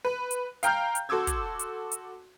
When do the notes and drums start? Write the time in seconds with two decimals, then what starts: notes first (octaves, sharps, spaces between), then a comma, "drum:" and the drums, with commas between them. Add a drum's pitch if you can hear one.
0.05 B4
0.31 drum: hi-hat
0.63 F5 G5 A#5 F6 G6, drum: hi-hat
0.95 drum: hi-hat
1.09 F#4 A4 C6 D6 E6 G#6
1.27 drum: kick, hi-hat
1.59 drum: hi-hat
1.92 drum: hi-hat